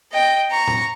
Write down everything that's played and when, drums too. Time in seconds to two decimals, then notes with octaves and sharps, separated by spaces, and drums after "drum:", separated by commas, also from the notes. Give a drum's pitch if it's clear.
0.12 D#5 G5
0.51 A#5 C#6
0.68 drum: tom A2